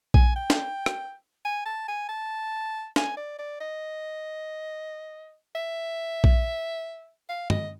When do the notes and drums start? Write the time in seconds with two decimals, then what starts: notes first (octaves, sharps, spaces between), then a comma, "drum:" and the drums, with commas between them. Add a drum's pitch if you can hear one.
0.14 G#5, drum: kick A#1
0.36 G5
0.50 drum: snare
0.86 drum: rim click
1.45 G#5
1.65 A5
1.88 G#5
2.09 A5
2.96 G#5, drum: snare
3.17 D5
3.39 D5
3.60 D#5
5.55 E5
6.24 drum: kick A#1
7.29 F5
7.50 D#5, drum: tom